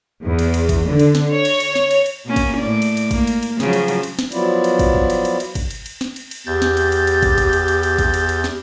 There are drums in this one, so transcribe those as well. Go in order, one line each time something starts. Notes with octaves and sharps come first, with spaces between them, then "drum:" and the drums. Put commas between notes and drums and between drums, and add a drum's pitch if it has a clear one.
E2
drum: cymbal
drum: cymbal
drum: kick, cymbal
D3
drum: cymbal
drum: snare
C#5
drum: cymbal
drum: cymbal
drum: snare
drum: cymbal
drum: cymbal
B2 A#3 C#4
drum: kick, cymbal
A2 D5
drum: cymbal
drum: cymbal
A#3, drum: kick, cymbal
drum: cymbal
drum: cymbal
C#3 F3 F#3, drum: snare
drum: cymbal
drum: cymbal
drum: cymbal
drum: snare
F3 F#3 B3 E4 F4 D5, drum: cymbal
drum: cymbal
drum: kick, cymbal
drum: kick
drum: cymbal
drum: cymbal
drum: cymbal
drum: kick, cymbal
drum: cymbal
drum: cymbal
drum: snare
drum: cymbal
drum: cymbal
E2 G4 G6 A6
drum: snare
drum: cymbal
drum: cymbal
drum: cymbal
drum: kick, cymbal
drum: kick, cymbal
drum: cymbal
drum: cymbal
drum: cymbal
drum: kick, cymbal
drum: cymbal
drum: cymbal
drum: snare